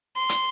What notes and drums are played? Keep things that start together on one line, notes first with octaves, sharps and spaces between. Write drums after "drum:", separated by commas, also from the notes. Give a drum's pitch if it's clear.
C6
drum: hi-hat